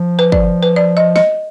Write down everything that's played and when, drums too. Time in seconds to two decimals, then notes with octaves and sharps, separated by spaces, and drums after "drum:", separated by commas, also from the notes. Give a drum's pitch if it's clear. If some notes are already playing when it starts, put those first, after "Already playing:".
Already playing: F3
0.19 B4
0.32 D5, drum: kick
0.63 B4
0.76 D5
0.97 D#5
1.16 D#5, drum: snare